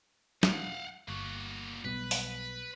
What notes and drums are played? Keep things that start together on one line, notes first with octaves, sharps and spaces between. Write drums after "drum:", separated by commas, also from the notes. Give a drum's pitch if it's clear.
F5 F#5, drum: snare
G1 A#3 F#4
B1 G3 B3 B4
drum: open hi-hat